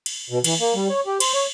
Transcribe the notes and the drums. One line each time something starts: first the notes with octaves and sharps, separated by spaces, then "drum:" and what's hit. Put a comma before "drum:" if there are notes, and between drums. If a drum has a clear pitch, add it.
drum: cymbal
B2
E3, drum: cymbal
A#3
G3
C#5
G4
C5, drum: cymbal
C#5